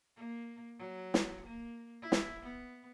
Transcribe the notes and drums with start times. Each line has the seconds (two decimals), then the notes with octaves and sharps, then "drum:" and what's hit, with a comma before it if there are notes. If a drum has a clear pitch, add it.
0.16 A#3
0.79 F#3
1.14 drum: snare
1.46 A#3
2.02 E4
2.12 drum: snare
2.43 B3